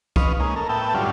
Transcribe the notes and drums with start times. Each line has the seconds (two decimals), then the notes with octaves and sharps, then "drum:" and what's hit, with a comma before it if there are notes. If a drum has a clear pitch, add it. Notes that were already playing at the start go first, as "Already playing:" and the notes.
0.16 B4 D#5 F5 C#6, drum: kick C2
0.40 G#3 A#3 C#4 D#4
0.56 A4 A#4
0.69 A2 B3 E5 G5 A5
0.94 G2 D3 F#3 G3 C#4 F4